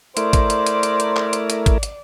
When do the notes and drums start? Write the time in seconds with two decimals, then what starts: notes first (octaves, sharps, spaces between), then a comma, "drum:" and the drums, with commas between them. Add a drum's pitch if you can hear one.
0.17 A3 E4 A#4 C5 D5, drum: hi-hat
0.33 drum: kick, hi-hat
0.50 drum: hi-hat
0.67 drum: hi-hat
0.83 drum: hi-hat
1.00 drum: hi-hat
1.16 drum: clap
1.33 drum: hi-hat
1.50 drum: hi-hat
1.66 drum: kick, hi-hat
1.83 drum: hi-hat